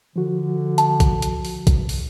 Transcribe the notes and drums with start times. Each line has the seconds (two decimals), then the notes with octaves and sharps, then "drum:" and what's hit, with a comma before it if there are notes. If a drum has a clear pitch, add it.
0.16 D3 F3 F#4
0.78 A5, drum: hi-hat
1.00 drum: kick A#1, hi-hat
1.22 drum: hi-hat
1.45 drum: open hi-hat
1.67 drum: kick A#1, hi-hat
1.89 drum: open hi-hat